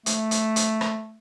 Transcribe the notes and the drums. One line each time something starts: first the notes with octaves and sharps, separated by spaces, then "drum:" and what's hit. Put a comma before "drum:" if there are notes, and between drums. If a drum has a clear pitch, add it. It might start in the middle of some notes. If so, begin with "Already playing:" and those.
A3, drum: hi-hat
drum: hi-hat
drum: hi-hat
drum: rim click